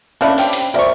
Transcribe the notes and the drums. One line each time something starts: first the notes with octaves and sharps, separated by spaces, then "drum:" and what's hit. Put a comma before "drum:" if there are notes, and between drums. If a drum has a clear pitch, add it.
A3 A#3 C#4 D4 E4 F5 A5
C4 G4, drum: open hi-hat
drum: hi-hat
A#4 C5 D5 E5 C#6